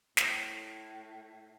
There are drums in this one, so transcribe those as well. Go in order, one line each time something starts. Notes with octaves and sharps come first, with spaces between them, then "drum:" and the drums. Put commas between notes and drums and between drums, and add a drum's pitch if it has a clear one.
A2, drum: snare